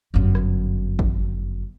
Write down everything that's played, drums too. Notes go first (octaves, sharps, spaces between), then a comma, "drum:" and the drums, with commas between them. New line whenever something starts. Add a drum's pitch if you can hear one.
G1 F#2
drum: rim click
drum: kick